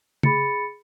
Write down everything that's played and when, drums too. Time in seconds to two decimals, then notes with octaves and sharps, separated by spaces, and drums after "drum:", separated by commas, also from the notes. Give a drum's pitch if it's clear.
0.23 G#4 B5 A6 C#7, drum: tom C#3